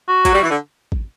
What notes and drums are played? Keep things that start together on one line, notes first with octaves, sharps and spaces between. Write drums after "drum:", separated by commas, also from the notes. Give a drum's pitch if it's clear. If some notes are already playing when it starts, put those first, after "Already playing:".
F#4
F#3, drum: kick G#1, hi-hat
G3
E3
D3
drum: kick G#1